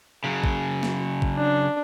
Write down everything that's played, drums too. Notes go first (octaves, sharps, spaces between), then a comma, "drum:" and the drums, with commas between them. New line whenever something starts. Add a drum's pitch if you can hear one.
C#3 F#3
drum: kick A1
drum: snare
drum: kick A1
D4